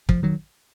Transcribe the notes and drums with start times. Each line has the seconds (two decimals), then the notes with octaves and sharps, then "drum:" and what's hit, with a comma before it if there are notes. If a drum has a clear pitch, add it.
0.09 F1 F3, drum: kick
0.23 D#3 F#3